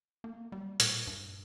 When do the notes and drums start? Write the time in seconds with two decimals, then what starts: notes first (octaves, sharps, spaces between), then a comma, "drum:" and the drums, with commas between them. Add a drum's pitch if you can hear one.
0.24 A#3
0.52 G3
0.80 A#2, drum: hi-hat
1.07 G2